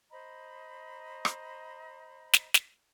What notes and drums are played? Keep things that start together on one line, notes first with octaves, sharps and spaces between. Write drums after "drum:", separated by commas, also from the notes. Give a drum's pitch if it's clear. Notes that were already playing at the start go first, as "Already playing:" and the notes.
C5 D#5 A#5 B5
drum: rim click
drum: snare
drum: snare